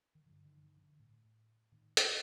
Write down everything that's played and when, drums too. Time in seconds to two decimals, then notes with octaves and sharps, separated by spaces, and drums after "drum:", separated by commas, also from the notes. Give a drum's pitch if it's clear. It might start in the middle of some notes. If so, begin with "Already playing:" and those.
0.15 D#3
0.26 G2 D3 F3
0.45 D#3
0.63 D#3
0.76 D#3
0.81 D3
0.99 A2
1.72 A2 D#3
1.97 drum: hi-hat